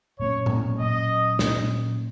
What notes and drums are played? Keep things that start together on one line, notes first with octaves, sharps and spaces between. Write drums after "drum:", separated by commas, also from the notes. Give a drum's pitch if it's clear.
A#2 F#3 A#3 C#4 C#5
drum: tom A2
A#2 F#3 A#3 C#4 D#5
A#2 F#3 A#3 C#4, drum: snare